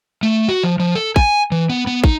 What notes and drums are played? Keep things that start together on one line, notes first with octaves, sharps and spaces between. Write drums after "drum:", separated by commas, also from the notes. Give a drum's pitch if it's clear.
A3
F#4
F3
F3
A4
G#5, drum: kick
E3
B3
B3
D#4, drum: kick